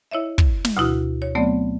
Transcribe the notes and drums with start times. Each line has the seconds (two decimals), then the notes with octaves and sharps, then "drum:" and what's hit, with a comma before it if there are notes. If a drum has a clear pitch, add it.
0.11 E4 C#5 D#5 E5
0.38 drum: kick
0.65 drum: snare
0.77 D2 B2 E4 F#4
1.22 C#5
1.35 F#3 A3 B3 C4 D5